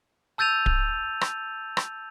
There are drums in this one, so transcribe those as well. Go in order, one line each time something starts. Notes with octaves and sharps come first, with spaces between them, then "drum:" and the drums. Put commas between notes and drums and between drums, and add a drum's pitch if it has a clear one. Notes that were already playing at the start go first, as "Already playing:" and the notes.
A5 E6 G6 A6 D#7 F7
drum: kick D1
drum: rim click
drum: rim click